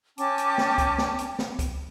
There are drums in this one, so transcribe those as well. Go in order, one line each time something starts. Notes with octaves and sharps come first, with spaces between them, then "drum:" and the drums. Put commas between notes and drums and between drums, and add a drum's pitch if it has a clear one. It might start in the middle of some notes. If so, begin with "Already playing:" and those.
C#4 G5 A5 D6, drum: hi-hat
drum: hi-hat
drum: snare
drum: kick, hi-hat
drum: snare
drum: hi-hat
drum: snare
drum: kick, hi-hat